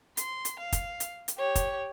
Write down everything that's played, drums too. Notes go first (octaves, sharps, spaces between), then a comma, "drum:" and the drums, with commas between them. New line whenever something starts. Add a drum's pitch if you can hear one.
C6, drum: hi-hat
drum: hi-hat
F5
drum: kick, hi-hat
drum: hi-hat
drum: hi-hat
G4 C#5
drum: kick, hi-hat